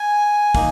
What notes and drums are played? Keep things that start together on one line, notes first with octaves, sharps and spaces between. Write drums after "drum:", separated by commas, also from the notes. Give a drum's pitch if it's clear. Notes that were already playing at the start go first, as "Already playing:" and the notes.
Already playing: G#5
A#3 D#4, drum: kick, open hi-hat